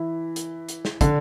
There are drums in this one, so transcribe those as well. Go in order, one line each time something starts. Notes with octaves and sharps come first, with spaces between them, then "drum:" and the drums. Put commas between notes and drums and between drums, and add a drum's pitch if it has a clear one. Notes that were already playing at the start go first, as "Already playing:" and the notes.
Already playing: E3 E4
drum: hi-hat
drum: hi-hat
drum: snare
D3 D4, drum: kick, hi-hat